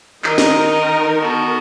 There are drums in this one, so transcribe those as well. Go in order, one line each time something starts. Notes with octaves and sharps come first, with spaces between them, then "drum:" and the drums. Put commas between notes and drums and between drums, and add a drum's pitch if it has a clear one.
D#3 D#4 A#4 D#5, drum: clap
drum: snare
B3 F#4 A4